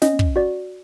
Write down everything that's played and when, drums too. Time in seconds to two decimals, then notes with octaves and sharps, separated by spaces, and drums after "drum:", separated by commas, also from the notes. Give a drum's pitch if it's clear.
0.02 C#4 D#5, drum: snare
0.19 drum: kick
0.36 F#4 D5